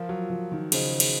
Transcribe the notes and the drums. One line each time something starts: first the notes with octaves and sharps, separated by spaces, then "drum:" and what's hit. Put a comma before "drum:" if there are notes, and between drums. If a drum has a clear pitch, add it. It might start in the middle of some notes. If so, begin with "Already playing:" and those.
Already playing: F3 F4 A#4 F5
F#3
F3
D#3
C#3 G#4 C5 D#5, drum: cymbal
drum: cymbal